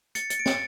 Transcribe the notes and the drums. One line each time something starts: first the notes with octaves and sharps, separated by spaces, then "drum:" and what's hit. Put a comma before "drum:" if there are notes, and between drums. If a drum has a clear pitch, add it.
A6 C#7, drum: hi-hat
A6 C#7, drum: hi-hat
D7
A6 C#7, drum: snare